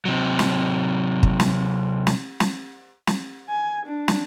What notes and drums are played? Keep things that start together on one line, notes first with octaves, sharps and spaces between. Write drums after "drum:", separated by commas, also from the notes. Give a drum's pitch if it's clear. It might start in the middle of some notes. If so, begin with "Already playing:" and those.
C3 F#3
drum: snare
drum: kick
drum: snare
drum: snare
drum: snare
drum: snare
G#5
D4
drum: snare